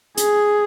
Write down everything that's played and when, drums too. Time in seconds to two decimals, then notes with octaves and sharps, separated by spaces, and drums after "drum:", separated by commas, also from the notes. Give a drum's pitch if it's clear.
0.18 G#4, drum: hi-hat